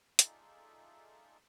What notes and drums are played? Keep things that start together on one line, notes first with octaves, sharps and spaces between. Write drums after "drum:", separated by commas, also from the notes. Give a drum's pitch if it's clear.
D#4 F4 G#4 A4 D5 E5, drum: hi-hat